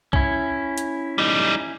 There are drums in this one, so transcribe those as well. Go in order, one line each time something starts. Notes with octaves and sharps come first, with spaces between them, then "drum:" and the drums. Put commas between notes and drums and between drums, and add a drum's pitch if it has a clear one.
C#4 E4, drum: kick
drum: hi-hat
G3 D#4